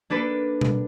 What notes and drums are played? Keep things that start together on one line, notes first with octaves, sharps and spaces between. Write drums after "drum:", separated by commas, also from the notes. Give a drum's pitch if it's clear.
A#3 D4 A4 B4
drum: tom B2